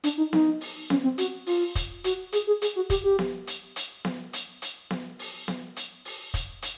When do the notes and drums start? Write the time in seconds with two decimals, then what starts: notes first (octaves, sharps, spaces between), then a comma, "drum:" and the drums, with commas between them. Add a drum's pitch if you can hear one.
0.04 D4, drum: hi-hat
0.18 D#4
0.33 D#4, drum: snare B3
0.61 drum: open hi-hat
0.90 C#4, drum: snare B3
1.04 C4
1.18 F#4, drum: hi-hat
1.46 F4, drum: open hi-hat
1.75 drum: kick, hi-hat
2.04 F#4, drum: hi-hat
2.32 G#4, drum: hi-hat
2.47 G#4
2.62 G#4, drum: hi-hat
2.76 F#4
2.90 G4, drum: kick, hi-hat
3.04 G4
3.19 drum: snare B3
3.47 drum: hi-hat
3.76 drum: hi-hat
4.05 drum: snare B3
4.33 drum: hi-hat
4.62 drum: hi-hat
4.91 drum: snare B3
5.19 drum: open hi-hat
5.48 drum: snare B3
5.76 drum: hi-hat
6.05 drum: open hi-hat
6.34 drum: kick, hi-hat
6.62 drum: hi-hat